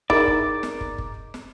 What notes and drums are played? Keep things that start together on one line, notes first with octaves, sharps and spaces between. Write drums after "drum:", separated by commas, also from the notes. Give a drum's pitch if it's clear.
D#4 E4 G#4 A#4 D5, drum: kick
drum: kick
drum: snare
drum: kick
drum: kick
drum: snare